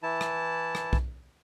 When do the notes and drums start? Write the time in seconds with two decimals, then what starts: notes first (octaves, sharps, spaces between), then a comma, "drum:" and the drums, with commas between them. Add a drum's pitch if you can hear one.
0.03 E3 E4 A5
0.21 drum: rim click
0.75 drum: rim click
0.93 drum: kick B1